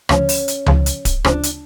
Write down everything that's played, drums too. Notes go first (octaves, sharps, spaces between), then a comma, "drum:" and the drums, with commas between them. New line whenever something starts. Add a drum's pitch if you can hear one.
D2 C#3 F3 C#4, drum: rim click
drum: open hi-hat
drum: hi-hat
D2 C#3 F3, drum: tom C#2
drum: hi-hat
drum: kick D1, hi-hat
D2 C#3 F3 D4, drum: rim click
drum: hi-hat